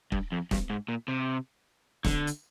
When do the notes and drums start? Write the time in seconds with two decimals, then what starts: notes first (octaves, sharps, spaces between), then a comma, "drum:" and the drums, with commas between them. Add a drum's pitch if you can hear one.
0.12 G2, drum: kick
0.32 F2
0.51 G2, drum: snare
0.70 G#2
0.88 A#2
1.08 C3
2.05 D3, drum: snare
2.27 drum: hi-hat